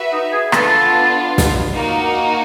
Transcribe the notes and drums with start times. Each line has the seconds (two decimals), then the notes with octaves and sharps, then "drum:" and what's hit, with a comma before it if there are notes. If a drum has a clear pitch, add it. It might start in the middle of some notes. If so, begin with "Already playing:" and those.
Already playing: F#4 B4 E5
0.13 D#4
0.33 G#4
0.52 B3 D4 F4 A4, drum: rim click
1.38 drum: snare
1.73 A#3 D#4 F#4